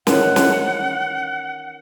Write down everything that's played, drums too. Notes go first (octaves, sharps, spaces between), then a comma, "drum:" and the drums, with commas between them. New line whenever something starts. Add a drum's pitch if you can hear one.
D#3 E3 C#4 F#5, drum: snare
drum: snare